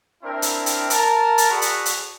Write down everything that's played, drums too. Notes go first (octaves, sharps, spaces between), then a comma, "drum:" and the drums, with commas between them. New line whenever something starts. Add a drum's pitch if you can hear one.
C4 D4 E4 A#4
drum: hi-hat
drum: hi-hat
A#4 A5, drum: hi-hat
drum: hi-hat
F#4 G#4 A4 D5 B5
drum: hi-hat
drum: hi-hat